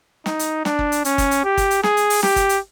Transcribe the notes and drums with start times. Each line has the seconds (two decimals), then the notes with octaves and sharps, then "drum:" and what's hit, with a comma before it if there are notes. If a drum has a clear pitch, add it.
0.26 D#4, drum: snare
0.39 drum: hi-hat
0.65 D4, drum: snare
0.79 drum: kick
0.92 drum: hi-hat
1.05 C#4, drum: hi-hat
1.18 drum: kick, hi-hat
1.31 drum: hi-hat
1.44 G4
1.57 drum: kick, hi-hat
1.71 drum: hi-hat
1.83 G#4, drum: snare
1.97 drum: hi-hat
2.10 drum: open hi-hat
2.23 G4, drum: snare
2.36 drum: kick, hi-hat
2.49 drum: hi-hat